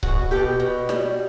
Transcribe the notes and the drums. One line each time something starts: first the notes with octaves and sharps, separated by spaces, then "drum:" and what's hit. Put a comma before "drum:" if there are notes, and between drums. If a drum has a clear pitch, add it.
B2 F#4 G#4, drum: kick C#1
B2 G4 A4
B2
G3, drum: snare